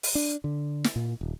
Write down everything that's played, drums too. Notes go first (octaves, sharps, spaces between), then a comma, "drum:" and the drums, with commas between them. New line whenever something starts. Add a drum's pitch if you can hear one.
drum: open hi-hat
D4
D3
drum: snare
A#2
D#1